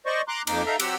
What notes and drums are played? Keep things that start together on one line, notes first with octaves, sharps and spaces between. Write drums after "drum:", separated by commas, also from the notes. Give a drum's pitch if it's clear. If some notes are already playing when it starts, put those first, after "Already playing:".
C5 D5 D#5 C#6
A#5 C6 D6 F#6
F2 A#3 D#4 D6, drum: cymbal
D#4 A4 E5 F5 A#5
F#3 C4 G4 F#5 E6, drum: cymbal